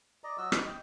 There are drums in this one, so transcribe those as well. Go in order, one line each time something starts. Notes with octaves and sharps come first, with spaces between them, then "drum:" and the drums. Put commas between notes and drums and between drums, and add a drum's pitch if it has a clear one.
D5 D#5 A#5
F#3 F#4 D#5 E6
D#4 C#6, drum: rim click
D#5 G5